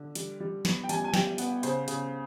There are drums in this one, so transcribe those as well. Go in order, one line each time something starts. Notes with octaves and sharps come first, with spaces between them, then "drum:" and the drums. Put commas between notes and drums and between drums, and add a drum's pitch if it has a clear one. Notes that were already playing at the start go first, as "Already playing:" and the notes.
Already playing: D3
G3, drum: hi-hat
G3
B3, drum: snare
G5
G3 G#5, drum: hi-hat
G#5
G3 G5, drum: snare
B3 F#5, drum: hi-hat
C#3 C5, drum: hi-hat
C#3, drum: hi-hat